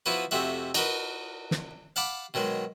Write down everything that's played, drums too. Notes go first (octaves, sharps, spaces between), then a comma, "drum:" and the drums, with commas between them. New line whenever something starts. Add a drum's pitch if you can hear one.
F3 B3 E4 F#4 B4
F2 C3 A3 F#4 E5
D#4 F#4 A#4 B4, drum: cymbal
drum: snare
F5 F#5 A5 B5 D6
B2 D#3 F#3 G#3